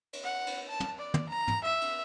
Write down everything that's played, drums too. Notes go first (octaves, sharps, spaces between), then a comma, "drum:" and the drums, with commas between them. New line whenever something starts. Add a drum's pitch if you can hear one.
drum: cymbal
F#5
drum: cymbal
A5
drum: tom
D5
drum: tom
A#5
drum: tom
E5
drum: cymbal